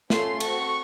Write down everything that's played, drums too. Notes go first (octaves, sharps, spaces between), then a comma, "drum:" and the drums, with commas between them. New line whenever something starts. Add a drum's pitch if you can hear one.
A3 C#4 F4 A4 C6, drum: snare
C4 F#4 A4 C#6, drum: cymbal